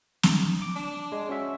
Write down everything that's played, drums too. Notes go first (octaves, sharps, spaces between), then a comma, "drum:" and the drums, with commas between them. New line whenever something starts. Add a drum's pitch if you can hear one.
drum: snare
D6
D4
G#3
C#4 F#4 E5